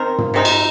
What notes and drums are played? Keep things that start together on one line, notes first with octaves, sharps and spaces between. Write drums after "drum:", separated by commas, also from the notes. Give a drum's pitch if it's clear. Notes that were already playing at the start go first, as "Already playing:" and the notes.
Already playing: D#3 C4 D#4 A#4
drum: tom
C3 G#3 C4 D#4
drum: cymbal